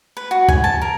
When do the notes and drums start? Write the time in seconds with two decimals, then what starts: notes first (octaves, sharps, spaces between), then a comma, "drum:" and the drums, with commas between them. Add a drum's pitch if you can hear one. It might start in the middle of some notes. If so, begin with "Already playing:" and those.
0.17 B4
0.31 F#4
0.49 G#5, drum: kick
0.64 A5
0.82 A#4